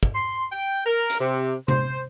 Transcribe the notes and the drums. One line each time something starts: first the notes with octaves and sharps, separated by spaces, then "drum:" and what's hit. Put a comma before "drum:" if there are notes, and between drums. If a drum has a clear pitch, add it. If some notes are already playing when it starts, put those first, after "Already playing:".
drum: kick
C6
G5
A#4
drum: hi-hat
C3
C5, drum: tom C3